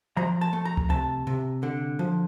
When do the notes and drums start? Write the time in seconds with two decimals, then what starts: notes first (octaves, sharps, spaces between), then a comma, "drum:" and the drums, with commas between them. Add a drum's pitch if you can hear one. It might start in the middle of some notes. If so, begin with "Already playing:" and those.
0.17 F3 A#5
0.41 A5
0.53 A3
0.65 A#5
0.77 drum: tom C#2
0.90 C3 A5
1.27 C3
1.63 D3
1.99 F3